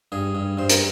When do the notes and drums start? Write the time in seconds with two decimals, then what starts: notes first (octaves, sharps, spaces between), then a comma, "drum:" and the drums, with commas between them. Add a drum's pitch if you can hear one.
0.12 G2 G#4
0.35 G2
0.58 G2 C5
0.70 A#4, drum: hi-hat